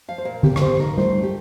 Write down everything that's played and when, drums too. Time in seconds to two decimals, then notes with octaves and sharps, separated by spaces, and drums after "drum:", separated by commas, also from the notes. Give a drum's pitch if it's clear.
0.08 F3 F5
0.18 C5
0.25 A#2 A#4
0.43 F3 G4, drum: tom D3
0.56 A#4, drum: rim click
0.61 F3 C5
0.79 D#4 A#4
0.98 A3 C5, drum: tom G3
1.15 A3
1.23 G4